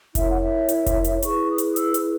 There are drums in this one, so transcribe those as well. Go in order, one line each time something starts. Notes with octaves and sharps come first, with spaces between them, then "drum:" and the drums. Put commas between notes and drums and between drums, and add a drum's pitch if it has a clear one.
E4 A#4 C#5 E5, drum: kick F1, hi-hat
F#5
E5
drum: hi-hat
drum: kick F1, hi-hat
drum: hi-hat
E4 G#4 B4 C#6, drum: hi-hat
D#6
drum: hi-hat
E6, drum: hi-hat
drum: hi-hat